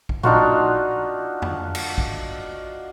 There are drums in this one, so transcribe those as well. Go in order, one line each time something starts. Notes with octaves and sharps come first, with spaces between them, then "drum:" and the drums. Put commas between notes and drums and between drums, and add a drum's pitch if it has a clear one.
drum: kick A#1
D4 D#4 F4 F#4, drum: tom A#2
drum: tom F2
drum: cymbal
drum: kick A#1